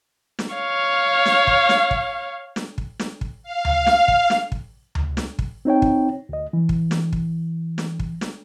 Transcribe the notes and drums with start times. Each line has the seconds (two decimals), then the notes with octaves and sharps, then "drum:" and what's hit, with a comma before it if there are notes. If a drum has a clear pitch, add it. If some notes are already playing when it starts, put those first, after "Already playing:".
0.39 drum: snare
0.55 C#5 F5
1.26 drum: snare
1.47 drum: kick
1.69 drum: snare
1.91 drum: kick
2.56 drum: snare
2.78 drum: kick
2.99 drum: snare
3.21 drum: kick
3.43 F5
3.65 drum: tom D2
3.86 drum: snare
4.08 drum: kick
4.30 drum: snare
4.52 drum: kick
4.95 drum: tom D2
5.17 drum: snare
5.39 drum: kick
5.65 C4 D#4 C#5 G5
5.82 drum: kick
6.29 D2 D#5
6.53 E3
6.69 drum: kick
6.91 drum: snare
7.13 drum: kick
7.78 drum: snare
8.00 drum: kick
8.21 drum: snare